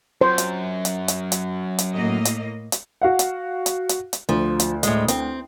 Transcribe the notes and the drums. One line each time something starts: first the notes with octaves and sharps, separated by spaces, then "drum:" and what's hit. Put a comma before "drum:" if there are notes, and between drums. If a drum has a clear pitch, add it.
F#2 C5
drum: hi-hat
drum: hi-hat
drum: hi-hat
drum: hi-hat
drum: hi-hat
A2 A#3 D#5
drum: hi-hat
drum: hi-hat
F#4 F5 F#5
drum: hi-hat
drum: hi-hat
drum: hi-hat
drum: hi-hat
D2 F3
drum: hi-hat
A2 G#3, drum: hi-hat
C4, drum: hi-hat